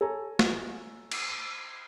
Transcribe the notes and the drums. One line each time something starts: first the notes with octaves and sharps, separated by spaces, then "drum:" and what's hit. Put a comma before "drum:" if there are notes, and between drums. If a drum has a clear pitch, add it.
A4 C#5 G#5 A#5
drum: snare
drum: cymbal